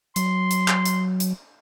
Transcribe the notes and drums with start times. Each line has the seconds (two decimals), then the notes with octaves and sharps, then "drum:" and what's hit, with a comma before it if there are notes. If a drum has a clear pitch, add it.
0.16 F#3 C6, drum: hi-hat
0.51 drum: hi-hat
0.68 drum: clap
0.85 drum: hi-hat
1.20 drum: hi-hat